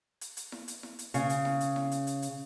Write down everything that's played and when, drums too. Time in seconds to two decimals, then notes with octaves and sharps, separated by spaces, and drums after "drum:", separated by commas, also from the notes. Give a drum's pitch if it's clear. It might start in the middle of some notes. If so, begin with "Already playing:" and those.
0.21 drum: hi-hat
0.37 drum: hi-hat
0.52 drum: snare E4
0.68 drum: hi-hat
0.83 drum: snare E4
0.99 drum: hi-hat
1.14 C#3, drum: hi-hat
1.30 drum: hi-hat
1.45 drum: snare E4
1.61 drum: hi-hat
1.76 drum: snare E4
1.91 drum: hi-hat
2.07 drum: hi-hat
2.22 drum: hi-hat